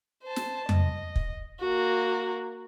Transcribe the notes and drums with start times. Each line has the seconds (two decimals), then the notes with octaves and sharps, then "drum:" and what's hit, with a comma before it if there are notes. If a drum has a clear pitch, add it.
0.23 C5 A5
0.36 drum: snare
0.69 D#5, drum: tom F2
1.16 drum: kick
1.60 A#3 F#4